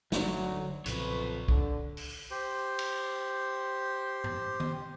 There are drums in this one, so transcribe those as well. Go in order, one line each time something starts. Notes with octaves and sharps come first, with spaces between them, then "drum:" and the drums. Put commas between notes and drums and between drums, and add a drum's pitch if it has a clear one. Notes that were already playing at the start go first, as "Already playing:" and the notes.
G1 D2 F#3 A3 D4, drum: snare
B1 F2 A#2 C#3 B4 C#5, drum: hi-hat
D3, drum: kick
drum: open hi-hat
G4 C5
drum: cymbal
drum: tom G2
drum: tom D#3